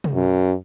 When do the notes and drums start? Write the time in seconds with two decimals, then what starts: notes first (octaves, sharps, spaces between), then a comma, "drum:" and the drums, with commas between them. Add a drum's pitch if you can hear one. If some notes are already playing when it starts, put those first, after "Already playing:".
0.04 drum: tom
0.14 F#2